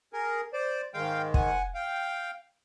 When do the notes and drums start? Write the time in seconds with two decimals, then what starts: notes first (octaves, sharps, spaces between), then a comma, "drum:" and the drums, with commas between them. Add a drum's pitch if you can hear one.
0.13 G#4 A#4
0.53 C5 D5
0.94 G#2 D#3 G#3 F5 G5
1.34 F#5 G#5, drum: kick
1.74 F5 G5